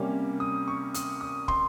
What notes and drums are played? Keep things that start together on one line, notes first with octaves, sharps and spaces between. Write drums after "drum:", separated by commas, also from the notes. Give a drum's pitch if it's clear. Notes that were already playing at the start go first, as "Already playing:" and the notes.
Already playing: C3 G3 A#3 C#4
D#6
C#6
D#6, drum: hi-hat
D#6
C6, drum: kick